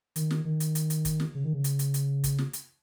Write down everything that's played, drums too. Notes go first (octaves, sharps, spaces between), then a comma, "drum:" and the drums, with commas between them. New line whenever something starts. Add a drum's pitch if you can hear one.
D#3, drum: hi-hat
drum: snare
D#3
drum: hi-hat
drum: hi-hat
drum: hi-hat
drum: kick, hi-hat
drum: snare
C#3
D#3
C#3
drum: hi-hat
drum: hi-hat
drum: hi-hat
drum: kick, hi-hat
drum: snare
drum: hi-hat